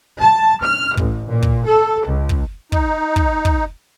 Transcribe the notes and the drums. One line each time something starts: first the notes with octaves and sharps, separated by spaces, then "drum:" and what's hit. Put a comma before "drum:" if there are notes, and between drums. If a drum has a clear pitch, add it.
A5
F6
A1, drum: kick
A#2
drum: kick
A4
C#2
drum: kick
D#4, drum: kick
drum: kick
drum: kick